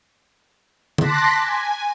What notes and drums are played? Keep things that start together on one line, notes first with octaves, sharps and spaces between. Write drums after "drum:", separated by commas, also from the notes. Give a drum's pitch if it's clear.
A5 C6 D6 F#6 A#6 B6, drum: tom D3
G#5